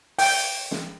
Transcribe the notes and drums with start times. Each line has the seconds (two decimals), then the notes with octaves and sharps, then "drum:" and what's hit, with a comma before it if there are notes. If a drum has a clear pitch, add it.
0.19 G5, drum: open hi-hat
0.71 drum: snare